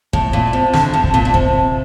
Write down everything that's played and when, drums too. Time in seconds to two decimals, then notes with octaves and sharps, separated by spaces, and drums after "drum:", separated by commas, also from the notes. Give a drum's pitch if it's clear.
0.13 A2 A5, drum: kick
0.33 A#2
0.53 C3
0.74 D3, drum: snare
0.94 C3
1.04 drum: kick
1.14 A#2
1.25 A#2
1.34 C3, drum: kick